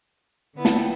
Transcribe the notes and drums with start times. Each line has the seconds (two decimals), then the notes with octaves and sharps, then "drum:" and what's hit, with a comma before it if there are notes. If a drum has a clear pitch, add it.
0.54 D3 B3 E4
0.65 A5, drum: snare
0.76 G5